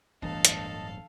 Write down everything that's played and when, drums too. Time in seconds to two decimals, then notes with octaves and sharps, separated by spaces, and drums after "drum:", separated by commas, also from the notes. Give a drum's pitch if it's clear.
0.22 D1 G1 E3 D4 A4 D#5 F5 A5
0.45 drum: hi-hat